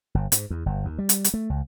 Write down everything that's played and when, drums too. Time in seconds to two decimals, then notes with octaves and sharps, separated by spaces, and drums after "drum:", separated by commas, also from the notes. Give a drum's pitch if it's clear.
0.15 G1
0.32 G#2, drum: hi-hat
0.50 E2
0.66 G1
0.85 D#2
0.98 G3
1.09 drum: hi-hat
1.24 drum: hi-hat
1.34 A3
1.50 C#2